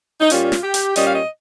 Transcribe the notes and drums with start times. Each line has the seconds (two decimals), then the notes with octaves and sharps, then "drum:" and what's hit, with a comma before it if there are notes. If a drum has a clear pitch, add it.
0.21 D#4
0.30 A#2 G3 C#4 F4, drum: hi-hat
0.52 drum: snare
0.63 G4
0.74 drum: hi-hat
0.96 A#2 G3 C#4 D#5, drum: hi-hat
1.05 F5
1.13 D#5